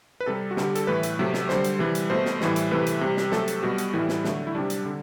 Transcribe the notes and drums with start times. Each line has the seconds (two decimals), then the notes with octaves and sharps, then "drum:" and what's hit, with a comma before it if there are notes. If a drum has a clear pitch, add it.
0.20 B4
0.26 C3 G3 A4
0.51 F#4
0.57 D3 G3, drum: snare
0.64 G4
0.75 A4, drum: hi-hat
0.87 A2 E3 A3 B4
1.03 drum: hi-hat
1.19 C3 F#3 A3
1.34 drum: snare
1.49 D3 G3 C5, drum: snare
1.64 drum: hi-hat
1.79 C3 E3 G3
1.95 drum: hi-hat
2.10 B2 A3 C5
2.25 drum: snare
2.41 A2 E3 G3, drum: snare
2.56 drum: hi-hat
2.71 C3 E3 A3 B4
2.86 drum: hi-hat
3.01 C3 G3
3.17 drum: snare
3.32 C3 F#3 A3 A4, drum: snare
3.48 drum: hi-hat
3.63 B2 G3 F#4
3.78 drum: hi-hat
3.93 A2 E3 G3 E4
4.09 drum: snare
4.24 D3 F#3 A3, drum: snare
4.47 E4
4.55 C3 G3 D4
4.70 drum: hi-hat
4.86 D3